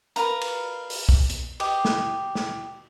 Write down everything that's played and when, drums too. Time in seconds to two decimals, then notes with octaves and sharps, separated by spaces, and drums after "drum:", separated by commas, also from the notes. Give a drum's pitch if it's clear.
0.16 A#4 B4 F5 A#5, drum: hi-hat
0.41 drum: cymbal
0.90 drum: open hi-hat
1.09 drum: kick B1
1.29 drum: hi-hat
1.60 G4 D#5, drum: cymbal
1.85 drum: snare
2.35 drum: snare